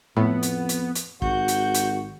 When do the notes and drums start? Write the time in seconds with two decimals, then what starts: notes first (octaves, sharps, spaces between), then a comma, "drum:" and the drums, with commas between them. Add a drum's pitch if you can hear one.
0.17 F2 A2 B3
0.43 drum: hi-hat
0.69 drum: hi-hat
0.95 drum: hi-hat
1.22 G#1 F#4 G6, drum: kick
1.48 drum: hi-hat
1.75 drum: hi-hat